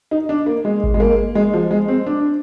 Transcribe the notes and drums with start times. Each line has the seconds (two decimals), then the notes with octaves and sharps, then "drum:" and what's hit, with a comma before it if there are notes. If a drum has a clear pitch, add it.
0.11 D#4
0.29 D4
0.46 A#3
0.65 G#3
0.84 drum: kick G#1
0.94 G#3
1.00 A#3
1.35 G#3
1.54 F3
1.71 G#3
1.88 C4
2.06 D4